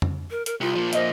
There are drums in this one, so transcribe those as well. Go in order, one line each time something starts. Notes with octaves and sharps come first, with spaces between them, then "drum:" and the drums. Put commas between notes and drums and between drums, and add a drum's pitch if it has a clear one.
drum: tom
A#4
A#4, drum: hi-hat
C2 F4
A#2 F3
C5 D#5 E5, drum: hi-hat